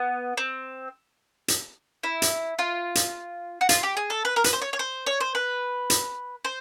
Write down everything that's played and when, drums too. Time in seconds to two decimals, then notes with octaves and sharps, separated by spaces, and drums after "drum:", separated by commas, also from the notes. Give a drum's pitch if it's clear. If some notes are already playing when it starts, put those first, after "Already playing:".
Already playing: B3
0.37 C4
1.48 drum: hi-hat
2.03 E4
2.22 drum: hi-hat
2.59 F4
2.95 drum: hi-hat
3.61 F#4
3.69 F4, drum: hi-hat
3.83 G4
3.97 G#4
4.10 A4
4.25 B4
4.36 A#4
4.44 B4, drum: hi-hat
4.53 C5
4.62 C#5
4.73 C#5
4.79 C5
5.06 C#5
5.21 C5
5.35 B4
5.90 drum: hi-hat
6.45 C5